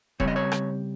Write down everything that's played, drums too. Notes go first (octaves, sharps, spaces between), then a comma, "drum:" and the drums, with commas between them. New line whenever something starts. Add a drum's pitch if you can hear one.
C#3 G3 C4 C#5, drum: kick D#1
D#5
C#5
drum: rim click